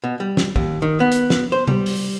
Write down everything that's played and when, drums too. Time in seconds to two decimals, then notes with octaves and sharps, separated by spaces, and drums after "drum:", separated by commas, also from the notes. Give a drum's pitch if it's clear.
0.04 B2
0.20 G3
0.37 drum: snare
0.56 D#2, drum: kick
0.82 D#3
1.00 B3
1.12 drum: hi-hat
1.30 drum: snare
1.52 C5
1.67 G3, drum: tom C3
1.86 drum: open hi-hat